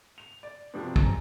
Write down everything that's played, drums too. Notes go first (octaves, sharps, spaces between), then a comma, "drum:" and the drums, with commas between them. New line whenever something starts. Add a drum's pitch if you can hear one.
F7
D5
F2 C3 F3 F#3 B3 D4
F#2 G#3 A#5, drum: kick